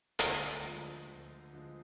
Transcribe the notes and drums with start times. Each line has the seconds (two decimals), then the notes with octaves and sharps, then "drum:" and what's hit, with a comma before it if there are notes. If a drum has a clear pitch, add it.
0.19 D2, drum: hi-hat
0.63 D3 F3 G#3
1.07 D2
1.53 D3 F3 G#3